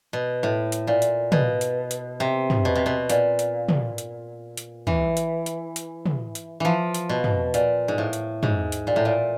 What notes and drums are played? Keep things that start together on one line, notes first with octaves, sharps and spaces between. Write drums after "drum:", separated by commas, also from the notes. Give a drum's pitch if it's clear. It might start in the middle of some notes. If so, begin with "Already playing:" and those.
B2
A2
drum: hi-hat
A#2
drum: hi-hat
B2, drum: tom
drum: hi-hat
drum: hi-hat
C3
drum: tom
B2
C3
B2
A#2, drum: hi-hat
drum: hi-hat
drum: tom
drum: hi-hat
drum: hi-hat
E3, drum: tom
drum: hi-hat
drum: hi-hat
drum: hi-hat
drum: tom
drum: hi-hat
E3 F3
drum: hi-hat
B2
drum: tom
A#2, drum: hi-hat
G#2
A2
drum: hi-hat
G#2, drum: tom
drum: hi-hat
A#2
A2
A#2